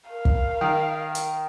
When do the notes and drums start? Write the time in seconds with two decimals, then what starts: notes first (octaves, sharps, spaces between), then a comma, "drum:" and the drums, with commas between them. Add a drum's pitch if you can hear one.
0.10 A#4 F5
0.25 drum: kick
0.61 D#3
1.15 drum: hi-hat